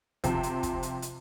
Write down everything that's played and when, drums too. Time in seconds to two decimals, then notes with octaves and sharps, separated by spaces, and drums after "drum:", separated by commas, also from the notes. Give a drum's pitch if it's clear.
0.24 C3 F3 C4, drum: kick, hi-hat
0.43 drum: hi-hat
0.63 drum: kick, hi-hat
0.83 drum: hi-hat
1.02 drum: hi-hat